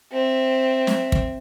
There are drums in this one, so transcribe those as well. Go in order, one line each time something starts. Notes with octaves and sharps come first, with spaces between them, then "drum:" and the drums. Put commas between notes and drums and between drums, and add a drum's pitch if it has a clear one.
C4 E5
drum: snare
drum: kick